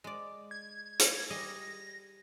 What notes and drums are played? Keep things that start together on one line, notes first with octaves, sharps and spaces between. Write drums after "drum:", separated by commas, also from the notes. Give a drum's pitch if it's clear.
G#3 D5
G#6
drum: hi-hat
G3 G#4 D#5 A#6